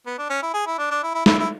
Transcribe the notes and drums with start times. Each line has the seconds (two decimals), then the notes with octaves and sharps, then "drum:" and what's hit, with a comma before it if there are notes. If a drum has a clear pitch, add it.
0.06 B3
0.18 D4
0.30 C#4
0.42 E4
0.53 G#4
0.66 E4
0.78 D4
0.91 D4
1.03 E4
1.14 E4
1.26 E4, drum: snare
1.39 E4